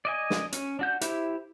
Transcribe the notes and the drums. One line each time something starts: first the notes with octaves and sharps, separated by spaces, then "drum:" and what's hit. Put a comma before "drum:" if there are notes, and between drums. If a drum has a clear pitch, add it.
D5 D#5 G#5
drum: snare
C#4, drum: hi-hat
D4 F#4 G6
E4 G4 C5 E5, drum: hi-hat